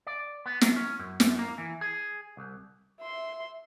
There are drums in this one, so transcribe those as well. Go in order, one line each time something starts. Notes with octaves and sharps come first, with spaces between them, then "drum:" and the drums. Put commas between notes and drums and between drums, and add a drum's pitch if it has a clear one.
D5
B3
F#3, drum: snare
C#4
F#2
F#2, drum: snare
A#3
E3
G#4
C2
E5 C6